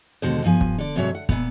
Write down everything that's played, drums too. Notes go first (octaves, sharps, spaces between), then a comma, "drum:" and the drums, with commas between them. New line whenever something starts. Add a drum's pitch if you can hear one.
D#2 B2 D3 G#3 C5
G2 F3 G#5
drum: kick
D3 D5
G#2 C3 F#3 G4 C#5 E5
F#5
A#2 B3, drum: kick